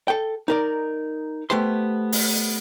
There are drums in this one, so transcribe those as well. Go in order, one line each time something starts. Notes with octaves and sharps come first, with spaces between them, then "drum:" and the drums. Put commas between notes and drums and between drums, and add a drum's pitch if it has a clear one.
A4 G5
D#4 A#4 D5
A3 B3 G4 C5 C6
drum: open hi-hat